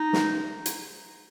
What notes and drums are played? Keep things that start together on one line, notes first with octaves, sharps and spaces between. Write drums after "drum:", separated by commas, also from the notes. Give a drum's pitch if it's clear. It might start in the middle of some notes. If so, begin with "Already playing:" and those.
Already playing: D#4
drum: snare
drum: hi-hat